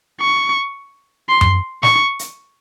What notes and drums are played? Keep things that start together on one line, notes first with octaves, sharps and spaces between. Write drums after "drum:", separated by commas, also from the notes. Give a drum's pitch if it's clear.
C#6
C6
drum: tom F#2
C#6, drum: snare
drum: hi-hat